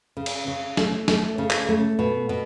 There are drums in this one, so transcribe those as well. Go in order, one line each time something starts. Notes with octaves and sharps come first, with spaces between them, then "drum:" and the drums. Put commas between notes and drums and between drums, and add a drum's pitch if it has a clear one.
C#3
drum: cymbal
C#3
A3, drum: snare
A3, drum: snare
C#3
drum: clap
A3
B2
B2